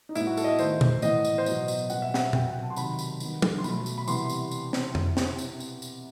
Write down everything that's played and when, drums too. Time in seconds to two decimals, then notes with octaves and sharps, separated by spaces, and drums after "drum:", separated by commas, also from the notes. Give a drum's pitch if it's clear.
0.09 D#4
0.15 A2 G3 B3 E4, drum: tambourine
0.27 F#4
0.37 A4, drum: tambourine
0.44 D#5
0.48 E5
0.59 D#3 A3 C5, drum: tambourine
0.81 drum: tom A#2
1.02 A2 E3 B3 D#5, drum: tambourine
1.25 drum: tambourine
1.38 C5
1.46 B2 F#3 B3 D#5, drum: tambourine
1.68 drum: tambourine
1.90 B2 G3 B3 F#5, drum: tambourine
2.02 E5
2.14 F#5, drum: snare
2.33 C3 F#3 B3 G5, drum: tom A#2
2.48 F#5
2.63 A5
2.70 C6
2.76 C3 D#3 F#3 B5, drum: tambourine
2.99 B5, drum: tambourine
3.20 D#3 G3 B3, drum: tambourine
3.42 drum: tom
3.58 C6
3.64 B2 F#3 A3 B5, drum: tambourine
3.86 drum: tambourine
3.98 B5
4.08 C3 E3 G3 B3 C6, drum: tambourine
4.30 drum: tambourine
4.51 drum: tambourine
4.73 drum: snare
4.95 drum: tom
5.17 drum: snare
5.38 drum: tambourine
5.60 drum: tambourine
5.82 drum: tambourine